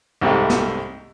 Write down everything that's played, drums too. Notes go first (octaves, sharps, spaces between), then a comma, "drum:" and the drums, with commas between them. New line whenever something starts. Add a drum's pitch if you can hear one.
C2 G#2 C3 A3 G4 E5
drum: snare